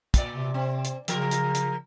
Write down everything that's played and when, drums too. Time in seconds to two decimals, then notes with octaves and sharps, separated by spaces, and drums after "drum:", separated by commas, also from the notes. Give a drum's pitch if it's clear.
0.14 A#2 D5, drum: kick, hi-hat
0.34 C3
0.54 C4
0.85 drum: hi-hat
1.08 C#3 F3 A#4, drum: hi-hat
1.31 drum: hi-hat
1.55 drum: hi-hat